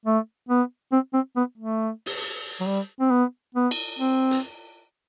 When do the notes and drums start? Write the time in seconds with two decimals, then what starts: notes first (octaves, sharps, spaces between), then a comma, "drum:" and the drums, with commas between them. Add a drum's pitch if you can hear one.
0.05 A3
0.49 B3
0.92 C4
1.13 C4
1.36 B3
1.58 A3
2.06 drum: open hi-hat
2.60 F#3
2.66 G3
3.00 C4
3.10 B3
3.55 B3
3.71 drum: cymbal
3.99 C4
4.31 drum: hi-hat